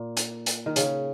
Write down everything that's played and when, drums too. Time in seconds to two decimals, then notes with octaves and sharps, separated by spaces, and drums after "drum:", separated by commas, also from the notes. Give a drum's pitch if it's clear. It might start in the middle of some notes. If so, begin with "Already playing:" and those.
Already playing: A#2
0.17 drum: hi-hat
0.46 drum: hi-hat
0.66 D#3
0.76 C#3, drum: hi-hat